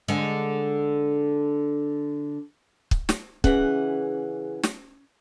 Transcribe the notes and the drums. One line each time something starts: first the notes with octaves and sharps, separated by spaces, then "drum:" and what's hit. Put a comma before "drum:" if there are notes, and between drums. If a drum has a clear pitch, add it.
D3 G#3
drum: kick
drum: snare
C#3 E3 C#4 G#4 F#5, drum: kick
drum: snare